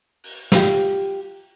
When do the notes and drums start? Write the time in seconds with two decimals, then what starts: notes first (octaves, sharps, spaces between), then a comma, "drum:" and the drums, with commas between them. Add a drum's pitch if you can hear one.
0.24 drum: open hi-hat
0.52 F4 G4, drum: snare